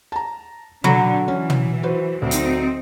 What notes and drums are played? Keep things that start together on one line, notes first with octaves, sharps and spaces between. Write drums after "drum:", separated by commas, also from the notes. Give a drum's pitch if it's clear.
A5 A#5
D3 F#3 B5, drum: tom
E3 C#4
drum: tom
F#4 B4 C5
D2 F#3 C4 D#4
drum: hi-hat